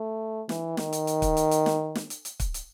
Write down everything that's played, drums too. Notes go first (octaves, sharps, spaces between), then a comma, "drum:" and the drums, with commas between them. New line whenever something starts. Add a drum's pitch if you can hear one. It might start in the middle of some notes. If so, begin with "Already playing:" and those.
Already playing: A3
E3, drum: snare
D#3, drum: snare
drum: hi-hat
drum: hi-hat
drum: kick, hi-hat
drum: hi-hat
drum: hi-hat
drum: snare
drum: snare
drum: hi-hat
drum: hi-hat
drum: kick, hi-hat
drum: hi-hat